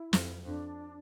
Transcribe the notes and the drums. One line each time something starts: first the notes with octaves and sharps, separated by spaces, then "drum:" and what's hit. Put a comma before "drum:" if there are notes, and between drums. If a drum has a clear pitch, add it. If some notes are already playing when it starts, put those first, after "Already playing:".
Already playing: E4
F2, drum: snare
F2 D4